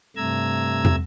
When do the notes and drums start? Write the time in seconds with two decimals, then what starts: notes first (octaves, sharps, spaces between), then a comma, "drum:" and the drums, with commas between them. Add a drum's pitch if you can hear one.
0.16 G2 C3 A3 A#5 E6 G#6
0.85 drum: tom